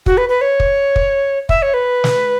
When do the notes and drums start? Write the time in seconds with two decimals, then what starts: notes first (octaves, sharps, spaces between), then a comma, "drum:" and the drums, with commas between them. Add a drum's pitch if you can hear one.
0.06 F#4, drum: kick
0.17 B4
0.29 B4
0.41 C#5
0.60 drum: kick
0.96 drum: kick
1.49 E5, drum: kick
1.62 C#5
1.74 B4
2.04 drum: snare